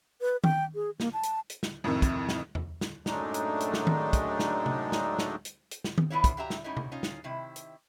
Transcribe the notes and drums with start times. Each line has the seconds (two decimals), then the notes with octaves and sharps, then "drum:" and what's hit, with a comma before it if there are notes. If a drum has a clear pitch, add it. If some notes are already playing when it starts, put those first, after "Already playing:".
0.21 B4
0.44 G5, drum: tom D#3
0.75 G#4
1.00 A#3, drum: snare
1.13 A5
1.23 drum: hi-hat
1.50 drum: hi-hat
1.63 drum: snare
1.84 F2 A2 C3 D#3
2.02 drum: kick, hi-hat
2.29 drum: snare
2.55 drum: tom E2
2.81 drum: snare
3.06 F#2 A2 G#3 A3 D4 D#4, drum: snare
3.34 drum: hi-hat
3.60 drum: hi-hat
3.74 drum: snare
3.87 drum: tom D#3
4.13 drum: kick, hi-hat
4.39 drum: snare
4.66 drum: tom C3
4.92 drum: snare
5.19 drum: snare
5.45 drum: hi-hat
5.71 drum: hi-hat
5.84 drum: snare
5.98 drum: tom D#3
6.10 E2 B3 D4 E4 F4 C#5
6.24 drum: kick, hi-hat
6.37 G2 F#3 G4 E5 A#5
6.50 drum: snare
6.64 G#2 G3 C#4 D#4 E4
6.77 drum: tom C3
6.92 C#4 D#4 F4
7.03 drum: snare
7.24 C3 D#3 E4
7.56 drum: hi-hat